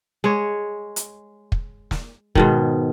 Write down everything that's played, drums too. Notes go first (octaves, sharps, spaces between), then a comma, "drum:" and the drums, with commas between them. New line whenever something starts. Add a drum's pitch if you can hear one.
G#3 C#5
drum: hi-hat
drum: kick
drum: snare
G#2 B2 D#3, drum: kick